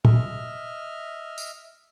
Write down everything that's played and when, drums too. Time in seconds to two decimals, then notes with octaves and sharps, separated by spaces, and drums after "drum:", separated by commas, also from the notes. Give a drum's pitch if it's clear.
0.05 D#5 E5 F6, drum: tom
1.38 drum: tambourine